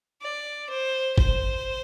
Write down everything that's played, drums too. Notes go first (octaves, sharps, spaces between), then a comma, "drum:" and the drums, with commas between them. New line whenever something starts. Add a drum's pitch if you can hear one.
D5
C5
C5, drum: kick